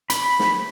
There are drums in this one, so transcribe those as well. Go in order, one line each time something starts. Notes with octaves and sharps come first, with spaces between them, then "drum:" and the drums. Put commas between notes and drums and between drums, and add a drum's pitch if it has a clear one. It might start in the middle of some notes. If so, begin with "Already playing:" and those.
B5, drum: hi-hat
drum: snare